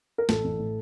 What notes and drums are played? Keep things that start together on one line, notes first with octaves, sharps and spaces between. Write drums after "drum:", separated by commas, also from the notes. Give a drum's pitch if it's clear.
A#4
A1 A4, drum: snare
A1
A2